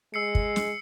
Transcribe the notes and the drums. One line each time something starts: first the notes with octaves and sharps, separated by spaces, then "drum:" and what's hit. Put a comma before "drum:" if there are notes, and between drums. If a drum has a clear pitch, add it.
G#3 E6 C7 C#7
drum: kick
drum: snare